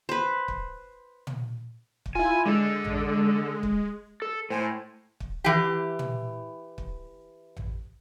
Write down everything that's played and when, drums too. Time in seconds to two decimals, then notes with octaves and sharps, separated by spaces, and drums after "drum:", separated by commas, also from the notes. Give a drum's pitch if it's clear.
0.09 B4 C5
0.48 drum: kick
1.27 drum: tom
2.06 drum: kick
2.15 E4 F4 G#5
2.46 D3 G#3 A4
2.84 drum: tom A1
3.63 drum: kick
4.22 A4
4.50 A2 C5 G#5
5.20 drum: kick
5.44 E3 G4
5.99 drum: tom
6.78 drum: kick
7.56 drum: tom A1